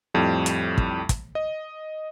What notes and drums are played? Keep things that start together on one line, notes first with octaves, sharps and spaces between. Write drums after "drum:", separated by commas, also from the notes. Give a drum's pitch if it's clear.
F2 A2 G3
drum: hi-hat
drum: kick
drum: kick, hi-hat
D#5